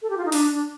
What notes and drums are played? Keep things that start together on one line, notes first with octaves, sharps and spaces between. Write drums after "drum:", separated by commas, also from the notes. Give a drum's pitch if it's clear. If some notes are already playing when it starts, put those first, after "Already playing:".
A4
G4
F4
D#4
D4, drum: open hi-hat
D4